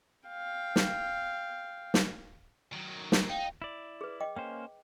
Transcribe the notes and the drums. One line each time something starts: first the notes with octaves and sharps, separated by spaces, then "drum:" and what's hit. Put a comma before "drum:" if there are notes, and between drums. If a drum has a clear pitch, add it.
F5 G5
drum: snare
drum: snare
D#3 F#3
drum: snare
D#4 F5 G5
E4 D5
G#4 B4
D#5 G5 D6
A#3 C#4 C5 G5